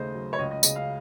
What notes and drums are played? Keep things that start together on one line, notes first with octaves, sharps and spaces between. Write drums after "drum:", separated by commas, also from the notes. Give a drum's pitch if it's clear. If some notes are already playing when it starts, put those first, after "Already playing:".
Already playing: D#2 C#3 A3 C5 D#5
F#3
C#5
C#2 D#5
D#5
C#3 D#5, drum: tambourine
F5